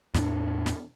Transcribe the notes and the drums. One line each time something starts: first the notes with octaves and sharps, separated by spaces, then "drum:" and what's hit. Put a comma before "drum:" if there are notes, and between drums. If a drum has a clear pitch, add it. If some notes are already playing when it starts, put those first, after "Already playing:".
E2 A2 B3 D4, drum: snare
drum: snare